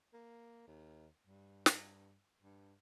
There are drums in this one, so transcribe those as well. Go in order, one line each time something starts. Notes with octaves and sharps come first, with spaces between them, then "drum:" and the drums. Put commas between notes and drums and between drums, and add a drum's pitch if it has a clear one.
A#3
D#2
G2
drum: snare
G2